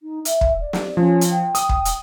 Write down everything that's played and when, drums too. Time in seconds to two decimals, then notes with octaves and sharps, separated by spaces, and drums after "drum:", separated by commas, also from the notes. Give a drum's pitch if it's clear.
0.02 D#4
0.25 E5, drum: hi-hat
0.41 drum: kick
0.60 D5
0.73 drum: snare
0.97 F3 C#4
1.21 drum: hi-hat
1.31 G5
1.55 D#6, drum: hi-hat
1.69 drum: kick
1.85 drum: hi-hat